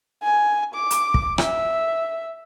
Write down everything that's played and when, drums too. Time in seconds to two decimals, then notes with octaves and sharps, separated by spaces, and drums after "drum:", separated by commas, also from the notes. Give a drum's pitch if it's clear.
0.23 G#5
0.75 D6
0.91 drum: hi-hat
1.14 drum: kick
1.38 E5, drum: rim click